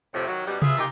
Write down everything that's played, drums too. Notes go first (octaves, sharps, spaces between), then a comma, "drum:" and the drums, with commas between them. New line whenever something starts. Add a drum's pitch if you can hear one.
F2 A2 C3
D#3 F#3
F#2 B2 G3
F4 G#4 B4 E5, drum: tom C3
A#2 D#3 D#4 F4 G4